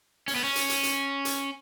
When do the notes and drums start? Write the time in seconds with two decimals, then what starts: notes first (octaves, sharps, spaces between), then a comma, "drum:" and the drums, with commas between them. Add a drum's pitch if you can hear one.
0.28 C#4, drum: open hi-hat
0.35 B3
0.44 C#4
0.55 drum: hi-hat
0.69 drum: hi-hat
0.83 drum: hi-hat
1.25 drum: hi-hat